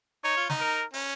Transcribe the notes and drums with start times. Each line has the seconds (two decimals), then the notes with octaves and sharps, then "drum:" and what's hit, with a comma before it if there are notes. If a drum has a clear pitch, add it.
0.24 D#4 C#5
0.37 F4
0.50 D#4, drum: snare
0.60 A#4
0.94 C#4, drum: open hi-hat